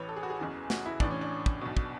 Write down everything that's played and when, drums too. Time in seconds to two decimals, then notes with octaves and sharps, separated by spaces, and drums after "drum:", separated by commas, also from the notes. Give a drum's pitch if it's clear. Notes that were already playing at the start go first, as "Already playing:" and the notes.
Already playing: A1 A2 E3 B4 C#5
0.09 A4
0.16 G#4
0.23 F#4
0.30 G#4
0.39 F#1 E2 C#3 E3
0.70 F#4, drum: snare
0.86 E4
1.00 A1 A2 E3 D4, drum: kick
1.11 C#4
1.21 D4
1.46 drum: kick
1.61 B1 B2
1.77 drum: kick